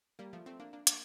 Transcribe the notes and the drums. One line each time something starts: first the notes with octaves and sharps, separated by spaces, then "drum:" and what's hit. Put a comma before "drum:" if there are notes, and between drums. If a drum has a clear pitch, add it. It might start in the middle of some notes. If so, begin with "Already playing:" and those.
G3 A#3
F3 A3
A3 C4
A#3 D4
A#3 D4
A#3 D4, drum: hi-hat